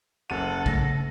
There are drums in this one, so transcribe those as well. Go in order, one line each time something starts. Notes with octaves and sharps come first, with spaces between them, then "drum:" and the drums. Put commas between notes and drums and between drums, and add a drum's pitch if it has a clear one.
F#1 A4 F#5 D#7
C#3 A3 A#6, drum: kick A#1